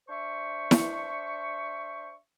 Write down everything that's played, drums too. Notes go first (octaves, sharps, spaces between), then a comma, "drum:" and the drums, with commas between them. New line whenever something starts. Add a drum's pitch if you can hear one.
D4 C5 E5 C#6
drum: snare E4